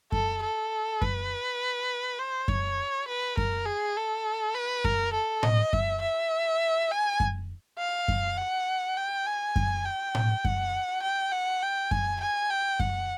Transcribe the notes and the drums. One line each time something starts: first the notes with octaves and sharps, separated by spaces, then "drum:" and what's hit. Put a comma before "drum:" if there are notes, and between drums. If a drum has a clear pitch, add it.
A4, drum: kick F#2
A4
B4, drum: kick F#2
C5
C#5, drum: kick F#2
B4
A#4, drum: kick F#2
G#4
A4
B4
A#4, drum: kick F#2
A4
D#5, drum: tom A2
E5, drum: kick F#2
E5
G#5
drum: kick F#2
F5
drum: kick F#2
F#5
G5
G#5
drum: kick F#2
G5
drum: tom A2
F#5, drum: kick F#2
G5
F#5
G5
G#5, drum: kick F#2
G#5
G5
F#5, drum: kick F#2